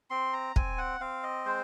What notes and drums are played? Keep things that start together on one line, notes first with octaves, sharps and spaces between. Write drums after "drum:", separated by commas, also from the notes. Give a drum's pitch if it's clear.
C4 C6
A#5
C4 G#5, drum: kick
F#5
C4 F5
D#5
G#3 C5